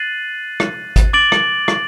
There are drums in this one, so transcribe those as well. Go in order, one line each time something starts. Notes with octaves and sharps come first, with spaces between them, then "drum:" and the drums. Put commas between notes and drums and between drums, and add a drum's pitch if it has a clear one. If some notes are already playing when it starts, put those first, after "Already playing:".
Already playing: F#6 A6 C7 D#7 F#7
drum: rim click
drum: kick G#1, hi-hat
D6 A6 D7 F#7
drum: rim click
drum: rim click